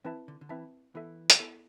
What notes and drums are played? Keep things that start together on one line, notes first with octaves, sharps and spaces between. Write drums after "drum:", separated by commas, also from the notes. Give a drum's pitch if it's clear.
E3 C4 E4 B4 E5 A5
D3
D3
E3 C4 E4 B4 E5 A5
E3 B3 E4 A4 E5
drum: hi-hat
B3 E4 A4 E5